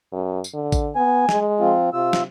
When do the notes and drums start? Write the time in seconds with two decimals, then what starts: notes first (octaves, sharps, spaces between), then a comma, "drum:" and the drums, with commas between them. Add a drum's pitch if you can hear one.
0.12 F#2
0.44 drum: tambourine
0.54 D3
0.72 drum: kick A1, tambourine
0.96 B3 G#5
1.29 G#3, drum: snare
1.60 F3 C4 F4
1.93 C3 F4 E6
2.13 drum: snare